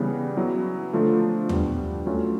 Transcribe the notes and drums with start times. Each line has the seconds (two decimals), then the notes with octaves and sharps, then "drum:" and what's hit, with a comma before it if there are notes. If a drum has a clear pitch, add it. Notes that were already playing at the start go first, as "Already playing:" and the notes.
Already playing: C#3 E3 G3 B3
0.36 F#3 B3 E4
0.93 D3 F3 A3 D4 F4
1.49 G3 B3 D4, drum: tom
2.06 F#3 A3 C#4 F4